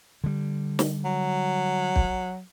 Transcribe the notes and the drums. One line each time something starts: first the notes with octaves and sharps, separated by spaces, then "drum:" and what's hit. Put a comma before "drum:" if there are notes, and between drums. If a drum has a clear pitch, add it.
D3 G3
drum: snare
F#3
drum: kick